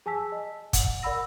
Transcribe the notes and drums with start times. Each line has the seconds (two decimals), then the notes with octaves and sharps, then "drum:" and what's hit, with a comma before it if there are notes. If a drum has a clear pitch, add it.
0.06 G#4 G#5 A5 E6 B6
0.32 D#5
0.73 F#5, drum: kick, hi-hat
1.03 A#4 D5 F#5 B5 E6 A#6